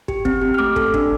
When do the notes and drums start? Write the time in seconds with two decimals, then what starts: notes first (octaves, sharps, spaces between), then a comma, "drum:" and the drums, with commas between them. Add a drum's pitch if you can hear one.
0.08 G4, drum: kick
0.25 C4, drum: kick
0.42 G4
0.54 F6
0.59 A3 D6
0.76 A4, drum: kick
0.94 D4, drum: kick